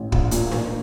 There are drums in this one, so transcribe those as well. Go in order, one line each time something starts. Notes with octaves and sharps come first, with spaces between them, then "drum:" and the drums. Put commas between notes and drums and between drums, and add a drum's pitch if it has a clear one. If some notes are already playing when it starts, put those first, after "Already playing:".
Already playing: A1
A#1, drum: kick
A#2, drum: hi-hat
A#2, drum: snare D4